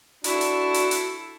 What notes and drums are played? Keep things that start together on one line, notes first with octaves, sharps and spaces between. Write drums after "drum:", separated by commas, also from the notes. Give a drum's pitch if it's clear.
D4 E4 F#4 A4, drum: hi-hat
drum: hi-hat
drum: hi-hat
drum: hi-hat